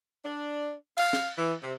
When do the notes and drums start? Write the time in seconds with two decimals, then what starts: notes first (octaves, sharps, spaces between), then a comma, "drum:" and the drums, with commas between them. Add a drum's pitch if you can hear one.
0.24 D4
0.98 F5, drum: cymbal
1.13 drum: snare
1.38 E3
1.62 C3